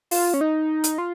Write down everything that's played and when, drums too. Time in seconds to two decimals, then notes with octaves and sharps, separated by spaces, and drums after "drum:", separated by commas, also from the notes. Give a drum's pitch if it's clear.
0.11 F4, drum: open hi-hat
0.34 C#4
0.41 D#4
0.84 drum: hi-hat
0.98 F4